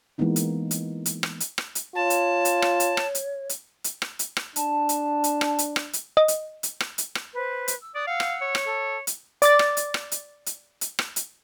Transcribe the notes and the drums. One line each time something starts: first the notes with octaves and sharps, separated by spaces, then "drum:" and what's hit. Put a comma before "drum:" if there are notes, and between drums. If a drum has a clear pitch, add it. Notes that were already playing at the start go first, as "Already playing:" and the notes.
E3 G#3 A#3 B3 D#4 E4
drum: hi-hat
drum: hi-hat
drum: hi-hat
drum: rim click
drum: hi-hat
drum: rim click
drum: hi-hat
F4 C#5 A5
drum: hi-hat
drum: hi-hat
drum: rim click
drum: hi-hat
drum: rim click
drum: hi-hat
drum: hi-hat
drum: hi-hat
drum: rim click
drum: hi-hat
drum: rim click
D4 A5, drum: hi-hat
drum: hi-hat
drum: hi-hat
drum: rim click
drum: hi-hat
drum: rim click
drum: hi-hat
D#5
drum: hi-hat
drum: hi-hat
drum: rim click
drum: hi-hat
drum: rim click
B4 C5
drum: hi-hat
E6
D5 D#6 F#6
F5 F#5 E6
drum: rim click
C#5
drum: rim click
A4
drum: hi-hat
D5 D6 A6, drum: hi-hat
drum: rim click
drum: hi-hat
drum: rim click
drum: hi-hat
drum: hi-hat
drum: hi-hat
drum: rim click
drum: hi-hat